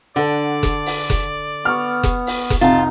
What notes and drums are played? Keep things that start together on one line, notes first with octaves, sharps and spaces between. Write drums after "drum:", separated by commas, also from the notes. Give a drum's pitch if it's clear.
D3 A4 D5 F#5
drum: kick F1, hi-hat
drum: open hi-hat
drum: kick F1, hi-hat
B3 C#6 F6
drum: kick F1, hi-hat
drum: open hi-hat
drum: kick F1, hi-hat
C2 F2 D#4 F4 F#5 A5